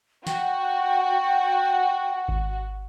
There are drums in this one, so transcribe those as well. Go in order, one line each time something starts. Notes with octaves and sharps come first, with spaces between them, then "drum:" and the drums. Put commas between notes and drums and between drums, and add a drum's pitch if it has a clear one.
F#4 G5, drum: snare
drum: kick G#1